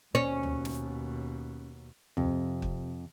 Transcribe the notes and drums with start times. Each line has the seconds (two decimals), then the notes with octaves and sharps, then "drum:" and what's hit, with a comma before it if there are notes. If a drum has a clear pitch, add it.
0.15 D#2 B2 C#4
0.43 drum: tom
0.65 drum: snare
2.17 F2 C3, drum: tom
2.62 drum: kick